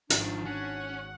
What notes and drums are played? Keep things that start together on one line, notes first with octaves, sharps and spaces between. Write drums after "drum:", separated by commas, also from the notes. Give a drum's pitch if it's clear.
G#1 D#3 F3 D4 C7, drum: hi-hat
C#4 F#4 F#5